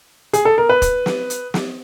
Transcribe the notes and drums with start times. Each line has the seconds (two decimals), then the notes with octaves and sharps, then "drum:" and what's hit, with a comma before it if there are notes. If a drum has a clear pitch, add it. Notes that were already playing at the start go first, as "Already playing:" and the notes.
0.33 G#4, drum: hi-hat
0.45 A4
0.58 A#4
0.69 B4
0.82 drum: kick, hi-hat
1.06 drum: snare
1.30 drum: hi-hat
1.54 drum: snare